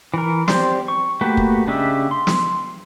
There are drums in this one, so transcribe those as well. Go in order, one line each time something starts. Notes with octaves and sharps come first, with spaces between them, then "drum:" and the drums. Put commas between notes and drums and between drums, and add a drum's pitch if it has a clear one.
E3 A#4
C4 G4 C5 D5 C6, drum: snare
C#6
A3 A#3 F#4 G4 B4
drum: kick
C#3 D4 G4 D#5 E5
C6
drum: snare